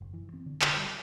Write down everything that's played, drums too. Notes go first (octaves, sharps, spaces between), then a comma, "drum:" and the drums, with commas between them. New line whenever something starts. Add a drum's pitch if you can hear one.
F#1
E3
C4
D3
D3, drum: clap
G3